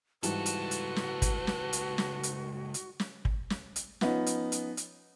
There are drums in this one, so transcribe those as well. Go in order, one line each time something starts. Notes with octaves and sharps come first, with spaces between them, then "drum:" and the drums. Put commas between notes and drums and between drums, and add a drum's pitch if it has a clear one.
C#2 G#2 E3 G3 F#4 A4 B4, drum: hi-hat
drum: hi-hat
drum: hi-hat
drum: snare
drum: kick, hi-hat
drum: snare
drum: hi-hat
drum: snare
drum: hi-hat
drum: hi-hat
drum: snare
drum: kick
drum: snare
drum: hi-hat
F3 B3 C#4 D#4, drum: snare
drum: hi-hat
drum: hi-hat
drum: hi-hat